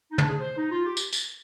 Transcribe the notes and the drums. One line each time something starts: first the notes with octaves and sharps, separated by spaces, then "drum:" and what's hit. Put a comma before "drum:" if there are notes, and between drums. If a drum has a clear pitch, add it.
D#4
D4, drum: tom
G#4
C5
D#4
F4
G4
drum: tambourine
drum: tambourine